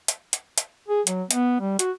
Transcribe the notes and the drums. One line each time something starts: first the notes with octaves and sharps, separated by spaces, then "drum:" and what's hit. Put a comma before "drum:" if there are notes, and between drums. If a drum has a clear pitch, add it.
drum: hi-hat
drum: hi-hat
drum: hi-hat
G#4
F#3, drum: hi-hat
B3, drum: hi-hat
G3
F#4, drum: hi-hat